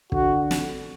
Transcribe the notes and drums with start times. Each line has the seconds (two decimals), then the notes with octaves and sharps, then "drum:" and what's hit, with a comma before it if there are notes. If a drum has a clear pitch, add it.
0.12 D3 F#4, drum: kick
0.51 drum: snare